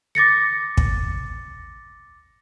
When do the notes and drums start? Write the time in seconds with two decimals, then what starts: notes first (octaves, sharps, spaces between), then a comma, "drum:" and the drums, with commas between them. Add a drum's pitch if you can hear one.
0.15 D6 A6 A#6 C#7
0.77 drum: kick